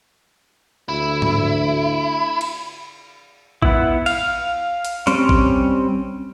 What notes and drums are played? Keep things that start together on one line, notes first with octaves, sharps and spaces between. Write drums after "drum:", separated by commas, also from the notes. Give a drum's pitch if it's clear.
D2 E4
drum: tom G#2
drum: cymbal
B3 E4, drum: kick A1
F5, drum: cymbal
drum: hi-hat
G3 C4 C#4, drum: hi-hat
drum: kick A1